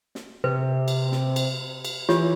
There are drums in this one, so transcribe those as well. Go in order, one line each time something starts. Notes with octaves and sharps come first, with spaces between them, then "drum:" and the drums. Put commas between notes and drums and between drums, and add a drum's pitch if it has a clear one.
drum: snare
C3 B4
drum: cymbal
drum: snare
drum: cymbal
drum: cymbal
E3 F4 G4 C#5, drum: snare